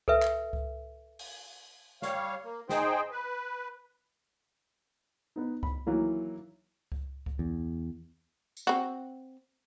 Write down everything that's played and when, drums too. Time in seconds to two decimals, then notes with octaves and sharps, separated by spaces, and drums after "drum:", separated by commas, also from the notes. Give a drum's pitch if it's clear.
0.08 A4 B4 E5, drum: kick C#2
0.23 drum: clap
0.53 drum: kick C#2
1.19 drum: open hi-hat
2.02 G3 C#5 F5, drum: snare
2.44 A#3
2.69 D#4 G#4 C5 G5, drum: snare
3.11 B4
5.36 B3 D#4
5.63 B5, drum: kick C#2
5.86 D#3 E3 F#3 A#3 E4
6.92 drum: kick C#2
7.26 drum: kick C#2
7.39 E2
8.57 drum: tambourine
8.67 C4 F#4